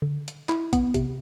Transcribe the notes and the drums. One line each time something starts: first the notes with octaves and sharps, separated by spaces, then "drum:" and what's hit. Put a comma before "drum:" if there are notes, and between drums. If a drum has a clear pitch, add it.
D3
drum: hi-hat
E4, drum: clap
B3, drum: kick, hi-hat
C3, drum: kick, hi-hat